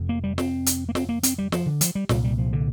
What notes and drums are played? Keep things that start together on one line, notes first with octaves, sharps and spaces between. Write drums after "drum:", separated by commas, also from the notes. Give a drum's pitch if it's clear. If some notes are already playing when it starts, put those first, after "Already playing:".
Already playing: F1 F2
A#3
G3
C4, drum: snare
drum: hi-hat
A#3
C4, drum: snare
A#3
C4, drum: hi-hat
G3
F3, drum: snare
D3
F3, drum: hi-hat
G3
C2 A#2 G3, drum: snare
G3
F3
D3